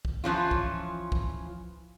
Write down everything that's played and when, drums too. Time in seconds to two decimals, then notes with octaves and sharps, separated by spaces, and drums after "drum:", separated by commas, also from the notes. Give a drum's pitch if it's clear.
0.05 drum: kick
0.24 E3 F3 C#4 F4
0.51 drum: kick
1.12 drum: kick